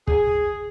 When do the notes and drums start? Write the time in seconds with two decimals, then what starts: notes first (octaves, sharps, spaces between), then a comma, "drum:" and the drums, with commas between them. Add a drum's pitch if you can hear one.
0.07 G#4, drum: kick